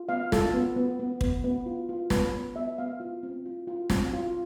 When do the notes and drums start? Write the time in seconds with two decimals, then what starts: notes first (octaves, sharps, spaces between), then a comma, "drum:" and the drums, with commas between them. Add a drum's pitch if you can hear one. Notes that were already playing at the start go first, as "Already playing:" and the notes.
Already playing: F4
0.09 B3 F5
0.32 F4 A4, drum: snare
0.54 B3
0.76 B3
0.99 B3
1.21 B3, drum: kick
1.44 B3
1.66 F4
1.89 F4
2.10 B3 B4, drum: snare
2.33 B3
2.56 B3 E5
2.78 B3 F5
3.00 F4
3.23 C4
3.46 F4
3.68 F4
3.90 C4, drum: snare
4.13 F4